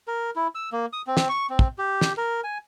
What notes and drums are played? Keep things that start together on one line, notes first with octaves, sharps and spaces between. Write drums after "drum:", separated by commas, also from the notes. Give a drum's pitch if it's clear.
A#4
E4
E6
A#3
D#6
C4
drum: snare
C#6
C4
drum: kick
G4
drum: snare
A#4
G#5